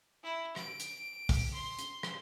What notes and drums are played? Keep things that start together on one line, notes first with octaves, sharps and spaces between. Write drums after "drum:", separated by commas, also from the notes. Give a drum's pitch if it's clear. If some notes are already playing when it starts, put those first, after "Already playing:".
E4
D7, drum: rim click
drum: hi-hat
drum: kick, open hi-hat
C6
drum: hi-hat
drum: rim click